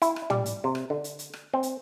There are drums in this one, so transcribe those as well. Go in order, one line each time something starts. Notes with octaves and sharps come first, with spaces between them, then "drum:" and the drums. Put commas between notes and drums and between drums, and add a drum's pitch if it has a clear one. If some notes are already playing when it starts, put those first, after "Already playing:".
E4, drum: hi-hat
drum: rim click
G3, drum: tom
drum: hi-hat
C3
drum: rim click
D3
drum: hi-hat
drum: hi-hat
drum: rim click
C4
drum: hi-hat